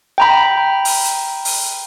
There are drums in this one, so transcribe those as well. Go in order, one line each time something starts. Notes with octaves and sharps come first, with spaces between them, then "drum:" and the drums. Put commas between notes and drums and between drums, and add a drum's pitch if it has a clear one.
G5 A#5 B5
drum: open hi-hat
drum: hi-hat
drum: open hi-hat